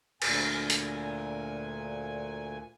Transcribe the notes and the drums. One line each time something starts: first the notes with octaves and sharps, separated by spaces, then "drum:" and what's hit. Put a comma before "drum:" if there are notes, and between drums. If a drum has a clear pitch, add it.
D2 A#2 G#5, drum: cymbal
drum: hi-hat